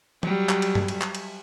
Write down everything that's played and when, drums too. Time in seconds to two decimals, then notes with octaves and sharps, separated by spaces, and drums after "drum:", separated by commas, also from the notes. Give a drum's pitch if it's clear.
0.23 F#3 G3, drum: tom
0.49 drum: clap
0.62 drum: cymbal
0.75 drum: tom G2
0.88 drum: cymbal
1.01 drum: clap
1.15 drum: cymbal